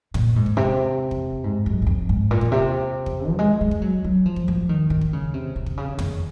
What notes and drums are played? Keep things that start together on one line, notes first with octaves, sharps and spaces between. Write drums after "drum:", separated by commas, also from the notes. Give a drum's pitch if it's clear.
A#2, drum: tom
G#2
drum: kick
C3
drum: kick
G#2
F#2
F#2
F2
G#2
A#2
drum: kick
C3
drum: kick
F#3
G#3
G#3
drum: kick
F#3
F#3
F3
drum: kick
F3
D#3
D#3
drum: kick
C#3
C3
C3
drum: kick
C#3
D#3, drum: tom